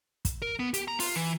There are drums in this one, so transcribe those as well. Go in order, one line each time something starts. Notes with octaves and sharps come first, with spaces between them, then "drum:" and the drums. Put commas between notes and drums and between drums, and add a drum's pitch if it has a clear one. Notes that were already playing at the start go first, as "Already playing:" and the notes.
drum: kick, hi-hat
A#4
B3
G4, drum: hi-hat
A#5
F4, drum: open hi-hat
E3